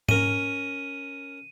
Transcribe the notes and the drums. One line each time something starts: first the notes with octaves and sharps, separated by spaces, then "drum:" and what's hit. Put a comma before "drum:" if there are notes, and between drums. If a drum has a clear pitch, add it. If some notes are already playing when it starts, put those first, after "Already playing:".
C#4 A#4 D#7, drum: tom G#2